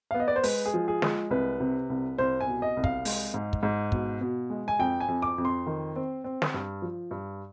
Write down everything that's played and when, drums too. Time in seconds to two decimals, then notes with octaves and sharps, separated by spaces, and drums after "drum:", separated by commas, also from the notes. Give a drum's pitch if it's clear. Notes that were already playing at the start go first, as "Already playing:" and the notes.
0.11 F5
0.14 B3
0.20 D#5
0.28 D5
0.36 C5
0.43 G#3 B4, drum: open hi-hat
0.66 G#4
0.74 F3
0.88 G#4
1.02 G#3, drum: snare
1.30 C2 B4
1.60 C3
1.90 C2
2.18 C2 C5
2.41 G#5
2.47 B2
2.62 D#5
2.77 C2
2.84 F5, drum: kick
3.05 G#3, drum: open hi-hat
3.34 G#2
3.53 drum: kick
3.63 G#2
3.92 B2, drum: kick
4.21 B2
4.50 G#3
4.68 G#5
4.79 F2 G5
5.00 G#5
5.08 F2
5.22 D6
5.38 F2
5.45 C6
5.67 D#3
5.96 C4
6.24 C4
6.42 drum: snare
6.54 G2
6.82 F3
7.11 G2